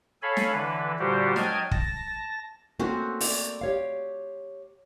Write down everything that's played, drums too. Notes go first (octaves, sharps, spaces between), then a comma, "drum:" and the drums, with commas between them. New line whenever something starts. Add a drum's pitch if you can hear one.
A4 C#5 F5 G#5 B5
drum: snare
D3 E3 B4
A#2 D3 G3 F#4 G4 C5
F#3 D#5 G5 A5 F6 G#6, drum: snare
A5 A#6, drum: kick
A3 A#3 C4 C#4 F#4
D5, drum: open hi-hat
G4 C#5 F5